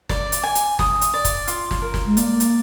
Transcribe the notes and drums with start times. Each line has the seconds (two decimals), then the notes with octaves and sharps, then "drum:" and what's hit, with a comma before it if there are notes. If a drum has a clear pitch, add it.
0.09 D5, drum: snare
0.32 drum: hi-hat
0.43 G#5
0.55 drum: hi-hat
0.79 D#6, drum: snare
1.01 drum: hi-hat
1.14 D5
1.25 drum: kick, hi-hat
1.47 F4, drum: hi-hat
1.71 drum: snare
1.82 A#4
1.94 drum: snare
2.07 G#3
2.17 A#3 D5, drum: hi-hat
2.40 drum: hi-hat